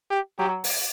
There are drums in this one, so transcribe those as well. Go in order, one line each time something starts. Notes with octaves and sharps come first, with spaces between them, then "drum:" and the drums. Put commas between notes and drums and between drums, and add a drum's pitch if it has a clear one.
G4
F#3 G4
drum: open hi-hat